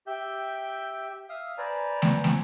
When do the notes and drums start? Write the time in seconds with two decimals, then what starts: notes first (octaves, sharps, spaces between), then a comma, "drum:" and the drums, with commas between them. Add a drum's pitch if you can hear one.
0.07 G4 E5 G5 G6
1.29 E5 F5 D#6
1.58 B4 C5 D5 G#5 A#5
2.02 drum: snare
2.24 drum: snare